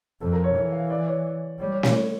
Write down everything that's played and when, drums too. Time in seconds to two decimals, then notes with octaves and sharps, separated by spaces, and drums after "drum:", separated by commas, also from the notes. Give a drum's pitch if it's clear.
0.21 F2 A4
0.33 A#4
0.44 C#5
0.55 E3 C#5
0.72 F5
0.90 D5
1.07 C#5
1.59 G3 C#5
1.71 C#5
1.83 C#5, drum: snare
1.94 C#5